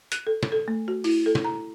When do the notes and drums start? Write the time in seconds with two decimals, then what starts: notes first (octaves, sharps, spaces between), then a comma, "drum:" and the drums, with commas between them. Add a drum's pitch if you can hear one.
0.12 F#6, drum: hi-hat
0.27 A4
0.43 drum: snare
0.52 A4
0.68 A3
0.88 F#4
1.04 E4, drum: open hi-hat
1.26 A4
1.35 drum: snare
1.44 A#5